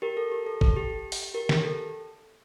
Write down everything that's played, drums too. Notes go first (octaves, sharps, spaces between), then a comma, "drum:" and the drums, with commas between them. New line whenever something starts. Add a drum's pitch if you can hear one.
G4 A#4
A4
G4
A4
A4, drum: kick
G4
drum: open hi-hat
G4 A#4
G4, drum: snare
A4